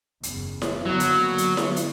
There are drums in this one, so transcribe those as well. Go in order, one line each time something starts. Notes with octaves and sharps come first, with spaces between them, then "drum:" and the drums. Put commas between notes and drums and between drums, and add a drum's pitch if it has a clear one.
F#1 E2, drum: hi-hat
drum: snare E4
D3 F#3 A#3 B3
drum: hi-hat
drum: hi-hat
drum: snare E4
drum: hi-hat